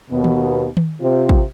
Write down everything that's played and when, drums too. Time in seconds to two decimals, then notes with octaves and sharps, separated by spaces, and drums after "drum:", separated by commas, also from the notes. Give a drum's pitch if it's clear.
0.11 D#2 B2 B3
0.24 drum: tom D#3
0.77 drum: tom D#3
1.01 C3 C4 F4
1.29 drum: kick